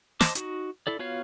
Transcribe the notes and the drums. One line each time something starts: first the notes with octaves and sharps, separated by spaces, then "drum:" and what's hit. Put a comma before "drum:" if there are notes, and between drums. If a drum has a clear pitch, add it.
C5 D#5 A5 D6, drum: snare
D#4 F#4, drum: hi-hat
E4 A4 D5
B3 F4 F#4 C#5 F5